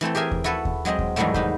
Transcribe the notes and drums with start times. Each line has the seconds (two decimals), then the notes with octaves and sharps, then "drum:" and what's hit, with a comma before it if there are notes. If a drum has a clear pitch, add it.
0.01 E3 A3 C4 A4
0.15 G4 G#4 A#4 E5 G#5
0.31 drum: kick D#2
0.44 E4 F#4 A4 B4
0.65 drum: kick D#2
0.85 F#3 G#3 C4 D#5
0.99 drum: kick D#2
1.16 G#2 D#3 E3 F#3 G3 A3
1.34 D#4 B4 C5, drum: kick D#2